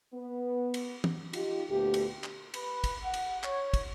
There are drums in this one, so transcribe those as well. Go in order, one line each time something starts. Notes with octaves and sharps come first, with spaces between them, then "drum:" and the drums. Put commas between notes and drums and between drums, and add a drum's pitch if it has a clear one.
B3
drum: cymbal
drum: tom
D#4 F4 G4, drum: cymbal
D2 A#2 A3 B3 G4
drum: cymbal
drum: clap
B4, drum: cymbal
drum: kick, cymbal
F#5
drum: cymbal
C#5, drum: clap
drum: kick, cymbal